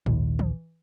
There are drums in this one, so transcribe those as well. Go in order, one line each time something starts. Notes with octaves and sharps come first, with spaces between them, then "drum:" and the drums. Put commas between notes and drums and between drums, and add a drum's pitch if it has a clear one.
A#1 D#2, drum: tom G#2
drum: tom E3